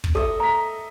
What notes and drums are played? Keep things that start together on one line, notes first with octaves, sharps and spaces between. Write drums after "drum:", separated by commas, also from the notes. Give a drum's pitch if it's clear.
drum: kick
A4 D#5 E5
A#5 B6